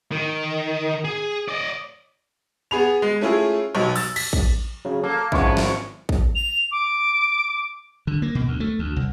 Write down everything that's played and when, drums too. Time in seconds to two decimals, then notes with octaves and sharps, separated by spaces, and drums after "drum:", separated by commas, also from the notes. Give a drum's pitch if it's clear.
0.12 D#3
1.05 G#4
1.48 D5 D#5
2.71 B3 G#4 B5 F7
3.02 G#3
3.21 A3 C#4 E4 F4 G#4
3.75 B1 B2 F#3
3.96 E6 A6, drum: open hi-hat
4.16 B6, drum: cymbal
4.33 drum: kick
4.85 C#3 F#3
5.03 A#3 A4
5.32 G#1 F3 G#3 B3 C#4 E4 C#6, drum: kick
5.57 drum: snare
6.09 drum: kick
6.35 F7
6.72 D6
8.07 D3
8.22 A#3
8.35 B2
8.48 D2
8.60 A3
8.79 D2
8.96 C2